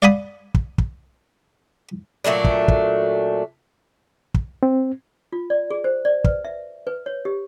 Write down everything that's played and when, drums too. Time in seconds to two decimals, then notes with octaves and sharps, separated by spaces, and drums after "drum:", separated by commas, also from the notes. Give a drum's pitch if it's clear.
0.02 D5 F5 F#5 G#5 B5 D#6
0.54 drum: kick
0.78 drum: kick
2.24 A#2 F#3 A3 D4
2.44 drum: kick
2.68 drum: kick
4.34 drum: kick
4.63 C4
5.33 F4
5.50 D5
5.71 G#4
5.84 C5
6.05 D5
6.24 B4, drum: kick
6.45 E5
6.87 B4
7.06 C#5
7.25 G4